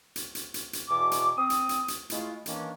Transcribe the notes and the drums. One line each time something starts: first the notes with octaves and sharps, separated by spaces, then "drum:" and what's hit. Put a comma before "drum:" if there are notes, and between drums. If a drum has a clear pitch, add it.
drum: hi-hat
drum: hi-hat
drum: hi-hat
drum: hi-hat
E2 B2 D6
drum: hi-hat
C4 D#6
drum: hi-hat
drum: hi-hat
drum: hi-hat
G#3 A3 E4 F4, drum: hi-hat
D#3 E3 A#3 C#4 D4, drum: hi-hat